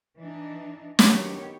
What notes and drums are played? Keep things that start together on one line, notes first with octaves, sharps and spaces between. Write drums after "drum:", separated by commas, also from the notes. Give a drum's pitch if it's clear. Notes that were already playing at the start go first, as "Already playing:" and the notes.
E3 D4 D#4
D#3 F#3 B3 G4 C#5, drum: snare